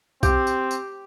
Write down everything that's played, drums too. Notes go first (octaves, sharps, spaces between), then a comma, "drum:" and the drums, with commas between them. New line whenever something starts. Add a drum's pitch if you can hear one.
C4 G4, drum: kick B1, tambourine
drum: tambourine
drum: tambourine